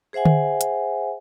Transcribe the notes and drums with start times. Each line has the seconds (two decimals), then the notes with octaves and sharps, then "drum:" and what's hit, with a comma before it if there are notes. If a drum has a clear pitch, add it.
0.13 G#4 C5 E5 F#5 G#5
0.25 drum: tom D3
0.61 drum: hi-hat